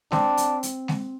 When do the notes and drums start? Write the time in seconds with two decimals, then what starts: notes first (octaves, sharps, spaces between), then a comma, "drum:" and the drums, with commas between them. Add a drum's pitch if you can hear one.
0.12 C4 D4, drum: snare G#3
0.37 drum: hi-hat
0.63 drum: hi-hat
0.88 drum: snare G#3